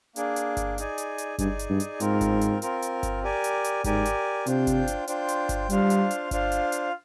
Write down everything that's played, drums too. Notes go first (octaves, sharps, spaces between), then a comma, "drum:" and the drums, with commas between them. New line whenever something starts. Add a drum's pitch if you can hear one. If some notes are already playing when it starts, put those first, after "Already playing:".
A#3 D4 G#4, drum: hi-hat
drum: hi-hat
drum: kick G1, hi-hat
D#4 G#4 D5 G#5, drum: hi-hat
drum: hi-hat
drum: hi-hat
G2 D#4 G#4 D5 G#5, drum: kick G1, hi-hat
drum: hi-hat
G2
drum: hi-hat
G#2 C4 F4 A#4, drum: hi-hat
drum: kick G1, hi-hat
drum: hi-hat
C4 F4 A#4, drum: hi-hat
drum: hi-hat
drum: kick G1, hi-hat
G4 A#4 D5 G#5
drum: hi-hat
drum: hi-hat
G#2 G4 A#4 D5 G#5, drum: kick G1, hi-hat
drum: hi-hat
C3 D4 F4 C5 G5, drum: hi-hat
drum: kick G1, hi-hat
drum: hi-hat
D4 F4 C5 G5, drum: hi-hat
drum: hi-hat
drum: kick G1, hi-hat
G3 D4 F4 C5 F5, drum: hi-hat
drum: hi-hat
drum: hi-hat
D4 F4 C5 F5, drum: kick G1, hi-hat
drum: hi-hat
drum: hi-hat